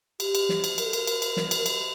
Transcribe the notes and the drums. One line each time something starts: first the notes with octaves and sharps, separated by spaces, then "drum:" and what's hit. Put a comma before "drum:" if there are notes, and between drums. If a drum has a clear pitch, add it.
G4, drum: cymbal
drum: cymbal
drum: snare
drum: cymbal
A#4, drum: cymbal
A4
A#4, drum: cymbal
drum: cymbal
drum: cymbal
drum: snare
drum: cymbal
drum: cymbal